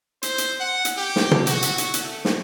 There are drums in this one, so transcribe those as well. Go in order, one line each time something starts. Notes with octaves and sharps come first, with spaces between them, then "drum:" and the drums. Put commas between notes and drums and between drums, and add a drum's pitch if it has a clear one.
C5, drum: hi-hat
drum: hi-hat
F#5
drum: hi-hat
G4
drum: snare
drum: tom
F#4, drum: hi-hat
drum: hi-hat
drum: hi-hat
drum: hi-hat
A3
drum: snare